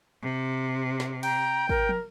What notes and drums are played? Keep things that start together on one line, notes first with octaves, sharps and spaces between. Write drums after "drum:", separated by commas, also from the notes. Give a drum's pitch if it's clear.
C3
drum: snare
G5 A#5, drum: cymbal
A#4, drum: kick
drum: tom